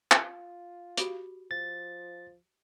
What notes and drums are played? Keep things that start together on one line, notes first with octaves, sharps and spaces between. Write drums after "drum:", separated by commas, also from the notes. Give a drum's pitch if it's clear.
F4, drum: clap
F#4 G4 B5, drum: hi-hat
F3 A6